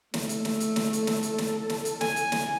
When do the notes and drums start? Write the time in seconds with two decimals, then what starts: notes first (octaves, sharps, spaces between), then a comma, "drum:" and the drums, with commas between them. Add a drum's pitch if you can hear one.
0.14 A3, drum: snare
0.29 drum: hi-hat
0.45 drum: snare
0.60 drum: hi-hat
0.76 drum: snare
0.93 A4, drum: hi-hat
1.07 drum: snare
1.23 drum: hi-hat
1.38 drum: snare
1.70 drum: snare
1.85 drum: hi-hat
2.01 G#5, drum: snare
2.16 drum: hi-hat
2.32 drum: snare